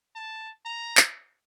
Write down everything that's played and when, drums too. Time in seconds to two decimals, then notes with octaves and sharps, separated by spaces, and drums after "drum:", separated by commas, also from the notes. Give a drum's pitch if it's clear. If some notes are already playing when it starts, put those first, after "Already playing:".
0.16 A5
0.66 A#5
0.97 drum: clap